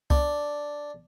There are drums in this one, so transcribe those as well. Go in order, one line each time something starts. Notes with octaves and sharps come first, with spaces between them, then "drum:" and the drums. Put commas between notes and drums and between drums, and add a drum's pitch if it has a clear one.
D4, drum: kick C2